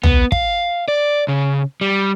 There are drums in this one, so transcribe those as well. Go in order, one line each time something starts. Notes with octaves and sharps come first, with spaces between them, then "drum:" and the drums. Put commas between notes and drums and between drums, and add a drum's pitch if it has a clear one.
B3, drum: tom
F5, drum: kick
D5
C#3
G3